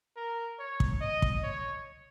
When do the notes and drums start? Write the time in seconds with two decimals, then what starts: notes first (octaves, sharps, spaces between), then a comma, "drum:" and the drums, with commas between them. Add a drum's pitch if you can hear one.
0.17 A#4
0.59 C#5
0.80 drum: kick
1.01 D#5
1.22 drum: kick
1.44 C#5